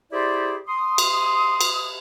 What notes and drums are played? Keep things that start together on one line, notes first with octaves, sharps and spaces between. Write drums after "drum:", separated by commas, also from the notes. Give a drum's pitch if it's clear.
E4 G4 G#4 C5 D5 E5
C6 D#6
drum: cymbal
drum: cymbal